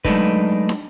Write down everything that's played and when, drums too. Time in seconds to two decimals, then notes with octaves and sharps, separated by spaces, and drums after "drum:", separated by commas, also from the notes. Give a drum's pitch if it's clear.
0.05 F#3 G#3 A3 D4 D#4 B4, drum: kick
0.69 drum: snare